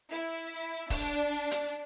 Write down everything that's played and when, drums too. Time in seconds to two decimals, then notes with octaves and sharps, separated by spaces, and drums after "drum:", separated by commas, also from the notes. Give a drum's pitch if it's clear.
0.10 E4
0.90 D4, drum: kick E1, open hi-hat
1.51 drum: hi-hat